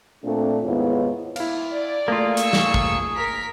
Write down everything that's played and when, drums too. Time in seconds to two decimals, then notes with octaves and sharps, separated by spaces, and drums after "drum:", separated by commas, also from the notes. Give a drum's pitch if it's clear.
0.23 A#2 A3 C4 D4
0.63 D#2 G#2 B3 E4 F4 C#5
1.36 E4 F5, drum: cymbal
1.72 D5
2.08 A3 A#3 F4 G#4
2.37 C#6 E6 C#7, drum: hi-hat
2.53 drum: snare
2.74 drum: kick
3.16 A#4 B6